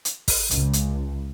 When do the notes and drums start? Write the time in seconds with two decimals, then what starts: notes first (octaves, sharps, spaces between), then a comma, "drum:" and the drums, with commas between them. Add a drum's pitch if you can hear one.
0.05 drum: hi-hat
0.28 drum: kick, open hi-hat
0.51 C#2, drum: hi-hat
0.73 drum: hi-hat